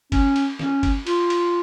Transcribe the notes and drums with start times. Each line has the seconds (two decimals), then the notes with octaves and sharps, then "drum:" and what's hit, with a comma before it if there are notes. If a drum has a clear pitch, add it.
0.12 C#4, drum: kick G1, cymbal
0.36 drum: cymbal
0.59 C#4, drum: snare
0.83 drum: kick G1, cymbal
1.07 F4, drum: cymbal
1.30 drum: cymbal